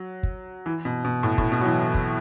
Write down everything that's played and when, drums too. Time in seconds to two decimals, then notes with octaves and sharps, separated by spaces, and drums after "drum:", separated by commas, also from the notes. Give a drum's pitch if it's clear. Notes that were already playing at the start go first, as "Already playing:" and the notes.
Already playing: F#3
0.23 drum: kick
0.66 E3
0.85 B2
1.05 B2
1.23 A2
1.38 A2, drum: kick
1.52 B2
1.61 F#3
1.65 E3
1.94 drum: kick